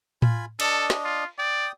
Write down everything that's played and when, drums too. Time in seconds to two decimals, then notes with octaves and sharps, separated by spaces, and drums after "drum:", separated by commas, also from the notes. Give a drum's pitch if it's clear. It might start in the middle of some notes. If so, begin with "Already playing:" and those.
0.22 F4 G#5 B5, drum: tom A2
0.60 D4 A4 D#5, drum: cymbal
0.90 drum: snare
1.04 F4
1.39 D5 G5 D#6